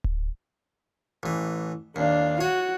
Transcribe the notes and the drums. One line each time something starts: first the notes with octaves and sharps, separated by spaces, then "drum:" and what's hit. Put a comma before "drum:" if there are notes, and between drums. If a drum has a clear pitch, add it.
drum: kick D1
A1 E3
D#2 D4 F5
F#4 C#5